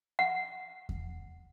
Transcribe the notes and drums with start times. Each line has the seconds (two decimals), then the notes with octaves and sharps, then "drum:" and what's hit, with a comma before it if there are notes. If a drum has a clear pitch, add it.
0.19 F#5
0.89 drum: kick E2